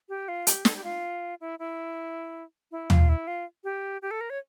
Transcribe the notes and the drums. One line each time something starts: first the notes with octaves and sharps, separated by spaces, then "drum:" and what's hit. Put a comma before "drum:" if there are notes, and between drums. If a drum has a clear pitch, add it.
G4
F4
G4, drum: hi-hat
A4, drum: snare
G4
F4
E4
E4
E4
F4, drum: tom
E4
F4
G4
G4
A4
A#4
C#5